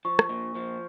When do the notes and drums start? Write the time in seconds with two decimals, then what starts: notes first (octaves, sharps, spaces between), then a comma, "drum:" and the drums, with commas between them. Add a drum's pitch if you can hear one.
0.05 F3 C#6
0.19 drum: rim click
0.29 A#2
0.55 F3